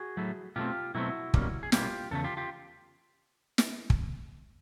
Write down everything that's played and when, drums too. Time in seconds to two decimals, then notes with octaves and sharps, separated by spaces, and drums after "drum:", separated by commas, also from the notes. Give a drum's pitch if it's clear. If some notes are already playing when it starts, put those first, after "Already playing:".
Already playing: F#4 G#4
0.17 A2 F#3 A3
0.56 B2 F#3 A3 C4 F4 G4
0.95 B2 F#3 A3 C4 E4 F#4
1.34 B2 G3 A#3 C#4, drum: kick
1.63 G#4
1.72 B2 G3 A#3 C#4 F4 G4, drum: snare
2.11 E2 C#3 A3 A4
2.24 F4 G4
2.37 F4 G4
3.58 drum: snare
3.90 drum: kick